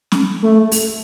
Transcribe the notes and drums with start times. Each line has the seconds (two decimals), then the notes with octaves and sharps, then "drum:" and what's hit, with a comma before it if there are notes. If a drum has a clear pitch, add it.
0.12 drum: snare
0.42 A3
0.72 drum: open hi-hat